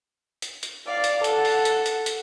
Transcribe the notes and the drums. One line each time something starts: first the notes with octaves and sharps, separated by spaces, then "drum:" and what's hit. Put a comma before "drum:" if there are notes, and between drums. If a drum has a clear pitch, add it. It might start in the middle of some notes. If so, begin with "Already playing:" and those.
drum: hi-hat
drum: hi-hat
D5 F5
drum: hi-hat
A4 F#5, drum: hi-hat
drum: open hi-hat
drum: hi-hat
drum: hi-hat
drum: hi-hat